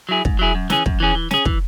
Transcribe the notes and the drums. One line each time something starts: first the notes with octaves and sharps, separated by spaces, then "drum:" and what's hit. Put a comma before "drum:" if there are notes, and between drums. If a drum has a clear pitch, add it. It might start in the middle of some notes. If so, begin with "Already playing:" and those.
F#3 E4 G#4
G#2, drum: kick
F#3 E4 G#4
F#2
E3 C#4 G#4, drum: snare
F#2, drum: kick
E3 C#4 G#4
E3
C#4 G#4, drum: snare
E3, drum: kick